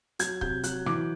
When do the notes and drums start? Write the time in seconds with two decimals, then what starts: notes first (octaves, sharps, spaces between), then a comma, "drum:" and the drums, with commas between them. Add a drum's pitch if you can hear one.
0.19 F#3 G#6, drum: hi-hat
0.41 C3 G6, drum: kick C#1
0.64 F#3 F#6, drum: hi-hat
0.86 E3 D6, drum: rim click